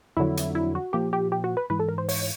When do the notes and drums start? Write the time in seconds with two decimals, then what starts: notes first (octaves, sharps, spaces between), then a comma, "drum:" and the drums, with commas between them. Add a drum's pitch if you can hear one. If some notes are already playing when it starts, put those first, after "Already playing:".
0.17 F2 D3 F#3 E4
0.37 drum: hi-hat
0.55 E4
0.75 F#4
0.93 A#2 F3 G4
1.13 G4
1.32 G4
1.44 F#4
1.57 B4
1.70 G#2 E3 B4
1.80 A4
1.88 A#4
1.98 C5
2.09 C#5, drum: open hi-hat